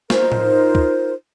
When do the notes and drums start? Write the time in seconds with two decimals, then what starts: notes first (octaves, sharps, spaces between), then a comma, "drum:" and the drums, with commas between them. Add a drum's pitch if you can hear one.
0.10 D#4 F4 A#4 C5, drum: snare
0.32 drum: tom A2
0.75 drum: kick